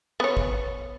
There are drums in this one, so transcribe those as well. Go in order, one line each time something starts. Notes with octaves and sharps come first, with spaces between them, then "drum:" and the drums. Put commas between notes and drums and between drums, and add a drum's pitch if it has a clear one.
B3 C#5
drum: kick